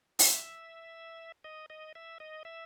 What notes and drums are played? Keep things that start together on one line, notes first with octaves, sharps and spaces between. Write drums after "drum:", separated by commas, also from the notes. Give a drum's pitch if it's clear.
E5, drum: open hi-hat
D#5
D#5
E5
D#5
E5